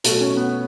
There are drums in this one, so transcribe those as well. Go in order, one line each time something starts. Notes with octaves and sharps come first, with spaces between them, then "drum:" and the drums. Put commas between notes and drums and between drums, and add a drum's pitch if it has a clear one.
B2 F#3 A3, drum: hi-hat
C#4
B3